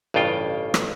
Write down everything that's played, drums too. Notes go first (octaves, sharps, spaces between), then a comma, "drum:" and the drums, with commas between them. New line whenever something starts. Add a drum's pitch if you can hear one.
A1 G2 C#3 F4 G5
drum: rim click